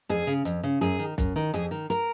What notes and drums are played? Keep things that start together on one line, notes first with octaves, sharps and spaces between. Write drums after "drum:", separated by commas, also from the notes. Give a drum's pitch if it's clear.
F2 G#4
C#3
F2, drum: hi-hat
C#3
F#2 G#4, drum: hi-hat
D#3
F#2, drum: kick B1, hi-hat
D#3
F2 G#4, drum: hi-hat
D#3
A#4, drum: hi-hat